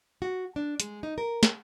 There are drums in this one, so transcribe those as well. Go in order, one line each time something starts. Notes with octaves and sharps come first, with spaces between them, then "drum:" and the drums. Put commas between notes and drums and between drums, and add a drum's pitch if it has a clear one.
F#4
D4
G#3, drum: hi-hat
D#4
A#4
drum: snare